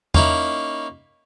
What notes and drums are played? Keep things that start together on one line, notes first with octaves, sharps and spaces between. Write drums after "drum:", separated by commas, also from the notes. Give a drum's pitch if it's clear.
A#3 C#4 D#4 E4, drum: tom E2